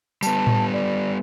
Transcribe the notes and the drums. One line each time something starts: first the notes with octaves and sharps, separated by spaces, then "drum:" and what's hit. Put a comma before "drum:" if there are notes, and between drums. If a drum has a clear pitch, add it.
G3 B3 A5, drum: tambourine
drum: tom A2
D5